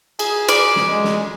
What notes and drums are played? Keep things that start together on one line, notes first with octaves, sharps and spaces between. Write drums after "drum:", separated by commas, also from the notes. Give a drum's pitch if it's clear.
G#4, drum: cymbal
D5, drum: cymbal
drum: snare
G#3
drum: snare